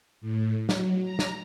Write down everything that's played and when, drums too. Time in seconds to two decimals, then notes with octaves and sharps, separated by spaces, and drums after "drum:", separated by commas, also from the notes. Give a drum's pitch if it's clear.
0.21 A2
0.69 F#3, drum: snare
1.03 A#5
1.19 drum: snare